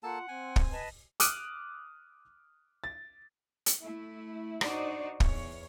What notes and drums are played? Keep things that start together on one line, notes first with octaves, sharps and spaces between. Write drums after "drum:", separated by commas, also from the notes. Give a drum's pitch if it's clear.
A#3 F4 A4 F#5 A5
C4 G#5
drum: kick
B4 D#5 A5
D6 D#6 F6 F#6 D7 D#7, drum: hi-hat
A6
drum: hi-hat
A3 E4
D4 D#4 F#4 C5 D5, drum: rim click
E2 C#5, drum: kick